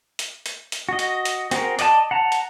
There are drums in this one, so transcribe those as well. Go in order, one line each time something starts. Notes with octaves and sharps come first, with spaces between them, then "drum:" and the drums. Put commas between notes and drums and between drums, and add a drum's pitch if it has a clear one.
drum: hi-hat
drum: hi-hat
drum: hi-hat
F#4 D#5
drum: hi-hat
drum: hi-hat
C4 F#4 G#4 A#4, drum: hi-hat
D5 D#5 F#5 A5 D6, drum: hi-hat
F#5 A5 A#5
drum: hi-hat